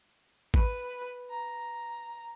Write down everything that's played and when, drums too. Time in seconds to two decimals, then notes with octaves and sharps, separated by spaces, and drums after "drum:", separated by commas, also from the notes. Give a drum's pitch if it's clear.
0.54 B4, drum: kick
1.31 A#5